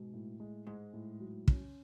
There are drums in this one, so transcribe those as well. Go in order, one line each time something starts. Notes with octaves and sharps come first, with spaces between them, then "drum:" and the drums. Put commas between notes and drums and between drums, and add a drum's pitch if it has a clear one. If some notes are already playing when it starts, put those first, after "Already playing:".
Already playing: G#2 B2
A2
G#3
G#2 G#3
A2
F#3
C#4, drum: kick